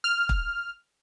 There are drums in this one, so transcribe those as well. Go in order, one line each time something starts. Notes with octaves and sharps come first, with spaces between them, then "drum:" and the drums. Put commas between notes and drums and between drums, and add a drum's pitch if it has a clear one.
F6
drum: kick